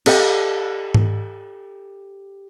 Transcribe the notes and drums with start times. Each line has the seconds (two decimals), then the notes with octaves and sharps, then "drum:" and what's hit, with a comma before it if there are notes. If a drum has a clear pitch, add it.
0.06 G4 A4 D5 D#5 F5 G5, drum: cymbal
0.94 drum: tom G#2